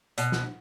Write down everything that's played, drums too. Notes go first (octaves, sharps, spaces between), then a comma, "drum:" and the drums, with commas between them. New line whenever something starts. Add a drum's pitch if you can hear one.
B2, drum: hi-hat
drum: snare